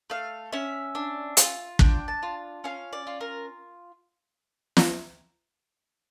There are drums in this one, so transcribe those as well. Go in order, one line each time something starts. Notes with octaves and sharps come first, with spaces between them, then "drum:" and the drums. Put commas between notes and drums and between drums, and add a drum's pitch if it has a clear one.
A3 F5
C#4 E5
D4
F4, drum: hi-hat
D4 G5, drum: kick
A5
F4
C#4 F5
D5
F4
A#4
drum: snare